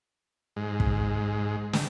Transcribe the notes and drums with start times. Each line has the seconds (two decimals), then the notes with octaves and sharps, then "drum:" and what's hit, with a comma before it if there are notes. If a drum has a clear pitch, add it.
0.56 G#2
0.80 drum: kick
1.73 drum: snare